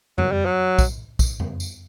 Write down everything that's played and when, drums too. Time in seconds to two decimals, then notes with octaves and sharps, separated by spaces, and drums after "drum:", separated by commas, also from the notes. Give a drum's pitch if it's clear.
0.18 F#3, drum: tom
0.32 G3
0.45 F#3
0.79 drum: kick, tambourine
1.19 drum: kick, tambourine
1.40 drum: tom
1.60 drum: tambourine